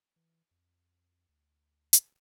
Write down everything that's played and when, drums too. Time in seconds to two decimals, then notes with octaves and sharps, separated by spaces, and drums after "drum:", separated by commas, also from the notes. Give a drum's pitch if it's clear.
0.16 E3
0.51 F2
1.29 D2
1.93 drum: hi-hat